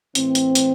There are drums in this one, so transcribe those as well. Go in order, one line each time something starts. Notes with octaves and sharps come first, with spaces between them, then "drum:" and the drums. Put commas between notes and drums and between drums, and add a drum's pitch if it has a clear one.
A2 E3 C4, drum: hi-hat
drum: hi-hat
drum: hi-hat